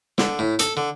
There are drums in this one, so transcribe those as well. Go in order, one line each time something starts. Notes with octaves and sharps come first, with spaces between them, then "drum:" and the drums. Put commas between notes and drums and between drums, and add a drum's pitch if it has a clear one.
D3, drum: snare
A2
A4, drum: hi-hat
D3